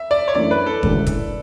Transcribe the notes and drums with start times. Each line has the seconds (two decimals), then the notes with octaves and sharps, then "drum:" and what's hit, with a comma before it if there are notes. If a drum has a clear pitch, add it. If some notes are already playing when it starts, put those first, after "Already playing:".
Already playing: E5
0.11 D5
0.28 C#5
0.35 F#2 E3 A3 D4 D5
0.51 B4
0.66 A4
0.83 E1 D2 C#3 E3, drum: kick
1.06 drum: kick, hi-hat